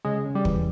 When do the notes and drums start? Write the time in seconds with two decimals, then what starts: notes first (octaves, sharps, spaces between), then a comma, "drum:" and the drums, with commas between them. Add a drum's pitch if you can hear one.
0.05 C#3 G#3
0.25 C#3
0.35 G3
0.45 E3, drum: kick